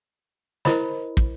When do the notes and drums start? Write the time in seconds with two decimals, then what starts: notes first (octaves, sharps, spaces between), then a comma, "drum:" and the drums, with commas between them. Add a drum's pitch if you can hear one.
0.65 E4 A#4 C5 D#5 B5, drum: snare
1.17 drum: kick